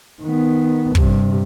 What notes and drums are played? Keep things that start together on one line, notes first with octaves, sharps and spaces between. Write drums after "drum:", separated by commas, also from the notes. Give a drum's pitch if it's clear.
D#3 B3
G2 C3, drum: kick